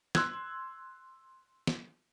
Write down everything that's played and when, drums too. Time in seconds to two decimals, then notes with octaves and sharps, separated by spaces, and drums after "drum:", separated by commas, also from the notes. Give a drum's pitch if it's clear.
0.15 C6 E6 F#6 G#6, drum: snare
1.67 drum: snare